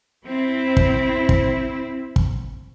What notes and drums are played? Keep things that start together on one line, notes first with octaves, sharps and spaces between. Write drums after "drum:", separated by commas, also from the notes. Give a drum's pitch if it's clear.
C4 E4
drum: kick
drum: kick
drum: kick